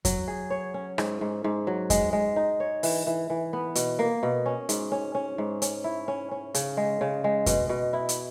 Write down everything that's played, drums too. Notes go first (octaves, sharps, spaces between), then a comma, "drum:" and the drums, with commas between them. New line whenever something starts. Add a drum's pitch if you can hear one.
F#3, drum: kick F2, hi-hat
G#4
C#5
C#4
G#2, drum: rim click
G#2
G#2
F#3
G#3, drum: kick F2, hi-hat
G#3
D#4
C#5
E3, drum: open hi-hat
E3
E3
B3
B2, drum: hi-hat
A#3
B2
C#4
G#2, drum: hi-hat
C#4
C#4
G#2
C#4, drum: hi-hat
E4
C#4
C#4
C#3, drum: hi-hat
G#3
C#3
G#3
B2, drum: kick F2, hi-hat
B2
E4
drum: hi-hat